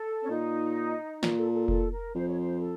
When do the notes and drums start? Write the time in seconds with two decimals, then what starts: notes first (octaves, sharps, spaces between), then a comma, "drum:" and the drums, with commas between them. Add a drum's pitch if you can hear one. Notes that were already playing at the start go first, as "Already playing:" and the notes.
Already playing: A4
0.22 C#4
0.29 A#2 D#4
1.23 A#2, drum: snare
1.38 A4
1.53 A4
1.68 A4, drum: kick F1
1.92 A#4
2.15 F2 C5
2.28 C#5
2.39 C5
2.61 A4